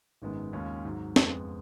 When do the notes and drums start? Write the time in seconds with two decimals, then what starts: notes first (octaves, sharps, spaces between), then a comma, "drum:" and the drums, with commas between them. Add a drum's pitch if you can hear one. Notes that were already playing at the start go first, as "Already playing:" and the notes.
0.22 G#1 F#2 D#3 G#3 B3
0.53 D#2 C#3 G#3 C#4 F4
0.84 G#1 G#2 F#3
1.16 F2 C#3 G#3 B3, drum: snare